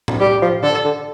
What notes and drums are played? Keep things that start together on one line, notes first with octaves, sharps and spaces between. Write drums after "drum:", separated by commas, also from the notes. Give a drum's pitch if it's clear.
drum: tom A2
G3 G4
F3
D3 A4
D3